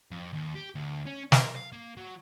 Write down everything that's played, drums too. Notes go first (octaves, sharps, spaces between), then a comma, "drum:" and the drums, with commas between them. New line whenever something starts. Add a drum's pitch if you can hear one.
F2
D#2
G4
D2
C#4
A#4, drum: snare
F5
A#3
F#3